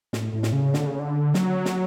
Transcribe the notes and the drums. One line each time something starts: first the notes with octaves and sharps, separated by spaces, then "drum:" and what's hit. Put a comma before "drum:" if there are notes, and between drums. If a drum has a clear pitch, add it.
A2, drum: snare
A2
drum: snare
C#3
D3, drum: snare
C#3
D3
F#3, drum: snare
drum: snare